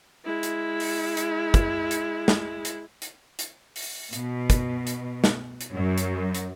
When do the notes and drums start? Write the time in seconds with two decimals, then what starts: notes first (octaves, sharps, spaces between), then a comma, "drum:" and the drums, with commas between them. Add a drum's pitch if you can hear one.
0.25 G#3 E4
0.43 drum: hi-hat
0.80 drum: open hi-hat
1.17 drum: hi-hat
1.54 drum: kick, hi-hat
1.91 drum: hi-hat
2.28 drum: snare
2.65 drum: hi-hat
3.02 drum: hi-hat
3.39 drum: hi-hat
3.76 drum: open hi-hat
4.13 B2, drum: hi-hat
4.50 drum: kick, hi-hat
4.87 drum: hi-hat
5.24 drum: snare
5.61 drum: hi-hat
5.73 F#2
5.98 drum: hi-hat
6.35 drum: hi-hat